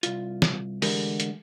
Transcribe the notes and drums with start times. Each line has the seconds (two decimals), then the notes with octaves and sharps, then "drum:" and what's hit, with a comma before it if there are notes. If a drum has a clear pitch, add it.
0.03 C2 F4, drum: hi-hat
0.42 drum: snare
0.82 D3 E3 G#3 A3 G4 A#4, drum: open hi-hat
1.20 drum: hi-hat